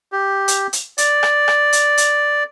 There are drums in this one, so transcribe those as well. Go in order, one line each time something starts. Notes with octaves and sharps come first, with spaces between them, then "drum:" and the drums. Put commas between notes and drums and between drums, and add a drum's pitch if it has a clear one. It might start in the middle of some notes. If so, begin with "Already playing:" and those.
G4
drum: hi-hat
drum: hi-hat
D5, drum: hi-hat
drum: rim click
drum: rim click
drum: hi-hat
drum: hi-hat